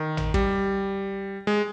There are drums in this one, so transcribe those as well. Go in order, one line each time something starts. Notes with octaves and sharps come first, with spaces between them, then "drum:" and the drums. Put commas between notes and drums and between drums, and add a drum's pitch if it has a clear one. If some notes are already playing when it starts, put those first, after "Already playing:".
Already playing: D#3
drum: tom
G3, drum: kick
G#3